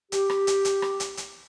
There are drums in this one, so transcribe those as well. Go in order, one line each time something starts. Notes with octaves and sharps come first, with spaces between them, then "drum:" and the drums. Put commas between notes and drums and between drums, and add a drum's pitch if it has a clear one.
G4, drum: hi-hat
drum: rim click
drum: hi-hat
drum: hi-hat
drum: rim click
drum: hi-hat
drum: hi-hat